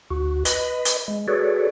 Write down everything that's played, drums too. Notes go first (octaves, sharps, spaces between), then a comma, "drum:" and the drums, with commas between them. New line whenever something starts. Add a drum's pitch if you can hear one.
D2 F#4
B4 D#5 B5, drum: hi-hat
drum: hi-hat
G#3
F#4 G#4 A4 B4 C#5 D5